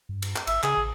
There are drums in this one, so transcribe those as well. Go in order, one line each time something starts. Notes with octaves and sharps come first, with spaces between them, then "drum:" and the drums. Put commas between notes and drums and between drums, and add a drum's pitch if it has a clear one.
G2
drum: cymbal
drum: clap
G#1 E5, drum: cymbal
C#3 G#4, drum: clap
A1